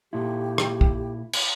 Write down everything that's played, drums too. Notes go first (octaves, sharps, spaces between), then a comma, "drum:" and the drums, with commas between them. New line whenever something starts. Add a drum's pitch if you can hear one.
A#2 E4 G4
drum: rim click
drum: kick
drum: cymbal